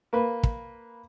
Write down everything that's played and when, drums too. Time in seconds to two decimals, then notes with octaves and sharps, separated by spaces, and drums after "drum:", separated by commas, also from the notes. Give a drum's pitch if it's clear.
0.13 A#3 B4
0.43 drum: kick